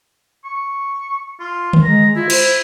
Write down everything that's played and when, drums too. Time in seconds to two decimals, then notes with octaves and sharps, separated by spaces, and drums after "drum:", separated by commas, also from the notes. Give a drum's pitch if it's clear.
0.44 C#6
1.40 F4
1.73 drum: tom D3
1.83 G#3 A#5
2.16 E4 F4
2.30 C5, drum: cymbal